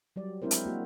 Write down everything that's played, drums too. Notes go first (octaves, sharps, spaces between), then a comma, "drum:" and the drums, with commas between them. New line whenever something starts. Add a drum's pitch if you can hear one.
F#3 G3 D5
G#3 C4 D4 E4 A#4 C5
drum: hi-hat
A#3 F#4